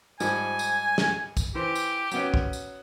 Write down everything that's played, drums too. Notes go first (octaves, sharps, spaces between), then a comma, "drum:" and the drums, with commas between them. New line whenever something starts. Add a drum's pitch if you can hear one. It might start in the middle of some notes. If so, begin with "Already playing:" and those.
G#2 F3 G3 G#5, drum: tambourine
drum: tambourine
drum: snare
drum: kick, tambourine
E3 G4 C5
drum: tambourine
F#3 B3 C#4, drum: tambourine
drum: kick
drum: tambourine